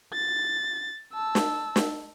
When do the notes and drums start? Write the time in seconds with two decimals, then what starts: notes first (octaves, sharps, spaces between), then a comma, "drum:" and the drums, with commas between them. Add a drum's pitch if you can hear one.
0.13 A6
1.13 A5 E6
1.35 drum: snare
1.76 drum: snare